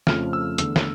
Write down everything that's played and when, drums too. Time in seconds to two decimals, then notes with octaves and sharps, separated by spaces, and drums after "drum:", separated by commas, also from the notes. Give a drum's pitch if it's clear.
0.07 F2 C#3 F3 A3 C#4 F6, drum: snare
0.33 E6
0.58 E2 D3 A3 E6, drum: hi-hat
0.76 drum: snare